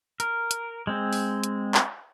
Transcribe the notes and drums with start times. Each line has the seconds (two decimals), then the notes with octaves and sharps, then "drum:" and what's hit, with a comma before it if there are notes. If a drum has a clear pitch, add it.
0.20 A#4, drum: hi-hat
0.51 drum: hi-hat
0.87 G#3 C4
1.13 drum: open hi-hat
1.44 drum: hi-hat
1.74 drum: clap